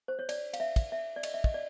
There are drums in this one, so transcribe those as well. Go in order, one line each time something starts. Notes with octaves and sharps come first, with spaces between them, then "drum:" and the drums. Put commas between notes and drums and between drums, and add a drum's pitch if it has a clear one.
C5
C#5
D5, drum: cymbal
F5, drum: cymbal
E5
drum: kick, cymbal
E5
D5
D#5, drum: cymbal
E5
D#5, drum: kick
D5